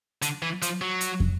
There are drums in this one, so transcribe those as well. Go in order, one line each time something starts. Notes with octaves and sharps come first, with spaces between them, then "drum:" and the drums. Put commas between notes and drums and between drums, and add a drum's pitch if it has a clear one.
D3, drum: hi-hat
E3
F3, drum: hi-hat
F#3
drum: hi-hat
drum: kick